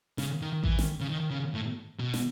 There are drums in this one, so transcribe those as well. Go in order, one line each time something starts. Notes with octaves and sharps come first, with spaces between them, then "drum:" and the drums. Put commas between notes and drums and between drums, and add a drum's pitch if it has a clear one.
C#3, drum: snare
D#3
E3, drum: kick A1
drum: snare
C#3
D#3
C#3
A2
B2
drum: snare